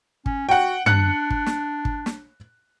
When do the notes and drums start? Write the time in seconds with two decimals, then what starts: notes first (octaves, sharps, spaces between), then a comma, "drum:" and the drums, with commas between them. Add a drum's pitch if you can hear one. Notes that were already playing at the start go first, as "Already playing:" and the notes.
0.26 C#4, drum: kick
0.49 F#4 F#5 G5
0.86 D4 F#6 C#7, drum: tom
1.30 drum: kick
1.46 drum: snare
1.85 drum: kick
2.06 drum: snare